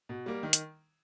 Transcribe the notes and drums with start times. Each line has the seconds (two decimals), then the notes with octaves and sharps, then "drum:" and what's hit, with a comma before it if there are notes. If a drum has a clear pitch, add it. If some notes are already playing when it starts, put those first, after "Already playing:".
0.09 B2
0.26 G3 A#3
0.43 D#3
0.53 drum: hi-hat